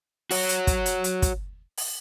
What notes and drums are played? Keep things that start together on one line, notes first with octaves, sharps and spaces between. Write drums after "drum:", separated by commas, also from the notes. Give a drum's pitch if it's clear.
F#4 C#5, drum: open hi-hat
drum: hi-hat
drum: kick, hi-hat
drum: hi-hat
drum: hi-hat
drum: kick, hi-hat
drum: open hi-hat